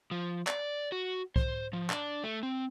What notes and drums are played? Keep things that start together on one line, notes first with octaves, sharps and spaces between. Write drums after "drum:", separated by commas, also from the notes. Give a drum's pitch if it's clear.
F3
D5, drum: clap
F#4
C5, drum: kick C2
F3
D4, drum: clap
A3
C4